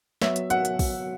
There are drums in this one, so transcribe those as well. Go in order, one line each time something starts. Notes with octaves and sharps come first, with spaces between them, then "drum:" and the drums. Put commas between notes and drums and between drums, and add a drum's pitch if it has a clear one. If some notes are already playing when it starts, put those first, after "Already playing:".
F#3 B3 F#4 C#5 E5, drum: snare
drum: hi-hat
F#5, drum: hi-hat
drum: hi-hat
drum: kick, open hi-hat